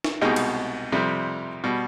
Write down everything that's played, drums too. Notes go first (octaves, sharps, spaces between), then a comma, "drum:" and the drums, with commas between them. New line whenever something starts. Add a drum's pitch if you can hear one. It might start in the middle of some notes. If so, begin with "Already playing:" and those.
drum: snare
C2 B2 G#3 D#4 G4
drum: cymbal
F2 C3 G3
B2 G3